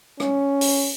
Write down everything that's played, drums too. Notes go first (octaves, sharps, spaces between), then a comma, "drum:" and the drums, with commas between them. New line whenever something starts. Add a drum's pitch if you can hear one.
C#4, drum: rim click
drum: open hi-hat